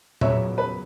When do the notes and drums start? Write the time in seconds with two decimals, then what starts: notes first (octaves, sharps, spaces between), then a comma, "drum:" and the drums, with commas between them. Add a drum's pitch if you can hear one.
0.21 C#2 C#3 F#3 B3 C#5 E5, drum: tom A#2
0.58 B4